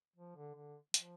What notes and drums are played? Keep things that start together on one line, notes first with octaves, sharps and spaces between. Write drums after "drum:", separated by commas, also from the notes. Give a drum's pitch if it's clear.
F3
D3
D3
F3, drum: hi-hat